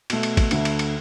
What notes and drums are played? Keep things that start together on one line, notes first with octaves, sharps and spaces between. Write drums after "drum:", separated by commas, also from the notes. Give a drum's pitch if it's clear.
B2 A3, drum: cymbal
drum: cymbal
drum: kick A1, cymbal
D2 D3 A3, drum: cymbal
drum: cymbal
drum: cymbal